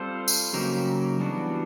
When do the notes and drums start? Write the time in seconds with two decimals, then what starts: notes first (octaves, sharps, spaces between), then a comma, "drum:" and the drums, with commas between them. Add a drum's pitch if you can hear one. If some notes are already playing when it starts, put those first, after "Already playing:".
Already playing: G3 C4 F4 A4 C5
0.28 drum: tambourine
0.53 C#3 F#3 A#3 D#4 G4
1.20 E3 G3 B3 D4 F#4